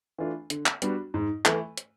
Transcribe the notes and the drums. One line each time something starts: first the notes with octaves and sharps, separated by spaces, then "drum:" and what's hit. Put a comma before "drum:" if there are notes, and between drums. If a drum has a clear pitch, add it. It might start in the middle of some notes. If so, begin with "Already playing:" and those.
E3 A3 D4 F4
D3, drum: hi-hat
drum: clap
G3 B3 D4 F#4, drum: hi-hat
G#2
E3 A3, drum: clap
drum: hi-hat